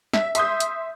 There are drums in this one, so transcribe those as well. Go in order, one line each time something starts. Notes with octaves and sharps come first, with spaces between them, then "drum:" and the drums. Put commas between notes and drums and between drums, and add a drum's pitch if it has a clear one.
E5, drum: snare
E5 C6 D#6 G6, drum: hi-hat
drum: hi-hat